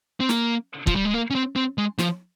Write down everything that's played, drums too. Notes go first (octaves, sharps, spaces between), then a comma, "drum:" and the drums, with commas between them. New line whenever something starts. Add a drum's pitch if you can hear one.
C4
A#3, drum: snare
F3, drum: kick
G3
G#3
A#3
C#4
C4
C4
G#3
F3, drum: snare